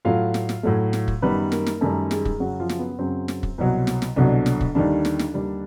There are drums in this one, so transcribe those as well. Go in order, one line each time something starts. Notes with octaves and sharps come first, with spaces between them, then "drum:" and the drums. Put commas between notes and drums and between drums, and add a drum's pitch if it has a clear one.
A2 F#3 A3 F4 F5
drum: snare
drum: snare
A2 F#3 A3
drum: snare
drum: kick
F#2 D#3 G3 B3 B4
A#3 A#4, drum: snare
drum: snare
F#2 D#3 G3 A3 A4
G#3 G#4, drum: snare
drum: kick
F#2 C#3 F#3 F#4
F3 F4
drum: snare
B3
F#2 C#3 F#3 C4
drum: snare
drum: kick
C2 B2 F#3
drum: snare
drum: snare
C2 B2 D3 F#3 D4
drum: snare
drum: kick
D#2 D3 D#3 G3 D4
drum: snare
drum: snare
D#2 D#3 G3